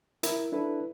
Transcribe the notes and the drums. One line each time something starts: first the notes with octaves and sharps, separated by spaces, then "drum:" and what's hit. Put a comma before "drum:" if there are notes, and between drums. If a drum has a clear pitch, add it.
E4 A#4, drum: hi-hat
D4 E4 A4 B4